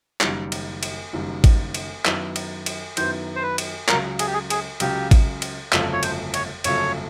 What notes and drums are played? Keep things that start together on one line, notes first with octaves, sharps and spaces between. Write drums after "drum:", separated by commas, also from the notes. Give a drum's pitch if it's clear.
F#1 F#2 D#3 G3, drum: clap
drum: cymbal
drum: cymbal
F#1 F#2 D#3 G3
drum: kick G#1, cymbal
drum: cymbal
F#2 D#3 F#3 B3 E4, drum: clap
drum: cymbal
drum: cymbal
F#2 D#3 F#3 B3 E4 C5, drum: cymbal
C5
B4
drum: cymbal
C#2 C#3 F#3 A#4, drum: clap
G#4, drum: cymbal
G4
G#4
G#4, drum: cymbal
C#2 C#3 F#3 G4, drum: cymbal
drum: kick G#1, cymbal
drum: cymbal
G1 F2 C#3 F#3 A3, drum: clap
C#5
C5, drum: cymbal
C#5, drum: cymbal
G1 F2 C#3 F#3 A3 C#5, drum: cymbal